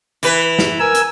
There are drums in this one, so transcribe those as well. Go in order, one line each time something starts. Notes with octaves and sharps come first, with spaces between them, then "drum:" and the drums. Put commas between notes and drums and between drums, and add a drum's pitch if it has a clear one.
E3 B4, drum: hi-hat
drum: snare
A#4 G#5 E6
drum: hi-hat